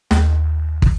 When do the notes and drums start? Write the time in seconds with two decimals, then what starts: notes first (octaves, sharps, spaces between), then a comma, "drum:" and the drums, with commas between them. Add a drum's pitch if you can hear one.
0.11 D#2, drum: snare
0.82 drum: kick